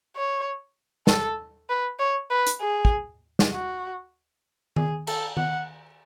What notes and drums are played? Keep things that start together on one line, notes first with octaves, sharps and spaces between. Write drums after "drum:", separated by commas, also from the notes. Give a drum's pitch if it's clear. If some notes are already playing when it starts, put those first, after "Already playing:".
C#5
A4, drum: snare
B4
C#5
B4
drum: hi-hat
G#4
drum: kick
drum: snare
F#4
G#4, drum: tom D#3
A4, drum: cymbal
F#5, drum: tom D#3